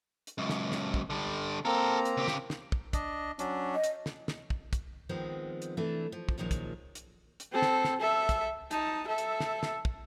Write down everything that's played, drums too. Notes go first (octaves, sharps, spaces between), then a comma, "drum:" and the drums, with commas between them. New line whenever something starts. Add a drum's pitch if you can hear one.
drum: hi-hat
C#2 F#2
drum: snare
drum: snare
drum: kick
D3 G3
A#3 C4 A4 A#4 A#5
drum: hi-hat
C#3 G4
drum: snare
drum: snare
drum: kick
D4 D#5, drum: kick, hi-hat
F#3 C#4 D4, drum: hi-hat
D#5
drum: hi-hat
drum: snare
drum: snare
drum: kick
drum: kick, hi-hat
D#3 F3 G#3 B3 C4
drum: hi-hat
C3 E3 A3 D4
F3
drum: kick
F#2 A#2 D#3 F3 G#3
drum: kick, hi-hat
drum: hi-hat
drum: hi-hat
C4 A4
drum: snare
drum: snare
A4 E5
drum: kick, hi-hat
D#4 A5, drum: hi-hat
A4 E5
drum: hi-hat
drum: snare
drum: snare
drum: kick